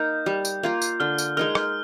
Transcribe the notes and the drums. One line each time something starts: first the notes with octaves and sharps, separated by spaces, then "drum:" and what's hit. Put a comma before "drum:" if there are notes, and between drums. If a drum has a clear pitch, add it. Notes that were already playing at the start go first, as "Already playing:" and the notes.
Already playing: A#3 D#4 A#4 G6
G3
drum: tambourine
A#3 F4 A#4
drum: tambourine
D3 F6
drum: tambourine
G#3 D#4 A#4 F6
drum: rim click